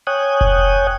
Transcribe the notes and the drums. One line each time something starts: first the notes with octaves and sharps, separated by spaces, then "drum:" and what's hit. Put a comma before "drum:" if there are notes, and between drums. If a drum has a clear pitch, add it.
C#5 G5 G#5 D#6 F#6
drum: kick F1